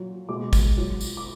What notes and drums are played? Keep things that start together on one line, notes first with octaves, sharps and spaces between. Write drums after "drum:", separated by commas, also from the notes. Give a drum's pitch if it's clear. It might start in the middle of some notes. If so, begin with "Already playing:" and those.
Already playing: A#2 F#3
B2 G#3 D6
drum: kick, tambourine
A#2 F#3
drum: tambourine
D6